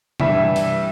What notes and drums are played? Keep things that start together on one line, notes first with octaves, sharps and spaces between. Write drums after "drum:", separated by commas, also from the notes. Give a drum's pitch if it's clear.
G2 E3 G3 E4 E5, drum: tom C3
drum: open hi-hat